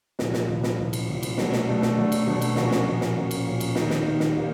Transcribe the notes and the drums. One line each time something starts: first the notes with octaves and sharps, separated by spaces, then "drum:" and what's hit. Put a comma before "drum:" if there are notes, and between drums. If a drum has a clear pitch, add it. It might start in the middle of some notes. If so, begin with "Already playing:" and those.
C2 A#2 F3, drum: snare
drum: snare
C2 A#2 F3
drum: snare
C2 A#2 F3
drum: cymbal
C2 A#2 F3
drum: cymbal
B2 F#3 A3 D4, drum: snare
drum: snare
B2 F#3 A3 D4
drum: snare
B2 F#3 A3 D4
drum: cymbal
B2 F#3 A3 D4
drum: cymbal
A#2 F3 A#3 C#4 F#4, drum: snare
drum: snare
A#2 F3 A#3 C#4 F#4
drum: snare
A#2 F3 A#3 C#4 F#4
drum: cymbal
A#2 F3 A#3 C#4 F#4
drum: cymbal
D#2 D#3 G3 A#3 D#4, drum: snare
drum: snare
D#2 D#3 G3 A#3 D#4
drum: snare
D#3 G3 A#3